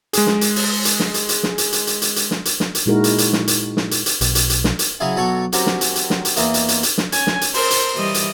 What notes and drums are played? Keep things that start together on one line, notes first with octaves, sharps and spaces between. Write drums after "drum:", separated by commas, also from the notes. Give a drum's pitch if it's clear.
G#3 G#4, drum: hi-hat
drum: snare
drum: hi-hat
drum: open hi-hat
drum: hi-hat
drum: snare
drum: hi-hat
drum: hi-hat
drum: snare
drum: hi-hat
drum: hi-hat
drum: hi-hat
drum: hi-hat
drum: hi-hat
drum: snare
drum: hi-hat
drum: snare
drum: hi-hat
A#2 G#3 D#4 E4 F#4 A#4
drum: hi-hat
drum: hi-hat
drum: snare
drum: hi-hat
drum: snare
drum: hi-hat
drum: hi-hat
B1, drum: hi-hat
drum: hi-hat
drum: hi-hat
drum: snare
drum: hi-hat
C#3 F#3 E4 G#4 F5
B1 F#3 F#4 A4 C#5
F#3 C4 C#4 F#4 G4 A#4, drum: hi-hat
drum: snare
drum: hi-hat
drum: hi-hat
drum: snare
drum: hi-hat
E2 E3 A#3 D#5, drum: hi-hat
drum: hi-hat
drum: hi-hat
drum: hi-hat
drum: snare
C#4 G#5, drum: hi-hat
drum: snare
drum: hi-hat
A#4 C5, drum: open hi-hat
drum: hi-hat
E3 G3 D#5
drum: hi-hat